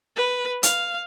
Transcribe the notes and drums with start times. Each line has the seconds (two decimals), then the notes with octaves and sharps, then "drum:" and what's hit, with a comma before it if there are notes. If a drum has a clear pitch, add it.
0.16 B4
0.63 F5, drum: hi-hat